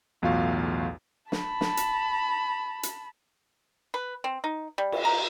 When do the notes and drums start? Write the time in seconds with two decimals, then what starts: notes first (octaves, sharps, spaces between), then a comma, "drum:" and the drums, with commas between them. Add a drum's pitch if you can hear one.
0.22 B1 E2 A2 F4 F#4 F5
1.32 A5 B5, drum: snare
1.61 drum: snare
1.77 drum: hi-hat
2.83 drum: hi-hat
3.94 B4
4.24 C4
4.44 D#4
4.78 G3
4.92 drum: cymbal
5.05 A#5